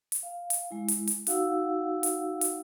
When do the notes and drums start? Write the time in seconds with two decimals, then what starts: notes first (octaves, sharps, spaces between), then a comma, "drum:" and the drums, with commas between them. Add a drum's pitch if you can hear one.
0.12 drum: hi-hat
0.23 F5
0.50 drum: hi-hat
0.71 G#3 E4
0.88 drum: hi-hat
1.07 drum: hi-hat
1.27 D#4 F#4 F5 F#5 E6, drum: hi-hat
2.03 drum: hi-hat
2.41 drum: hi-hat